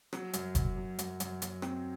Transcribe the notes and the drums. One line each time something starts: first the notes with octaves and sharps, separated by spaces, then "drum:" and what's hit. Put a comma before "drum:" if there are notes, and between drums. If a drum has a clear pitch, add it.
F#3, drum: rim click
F#2, drum: hi-hat
F#3, drum: kick F1, hi-hat
F#3
F#2, drum: hi-hat
F#2, drum: hi-hat
F#3, drum: hi-hat
C4, drum: rim click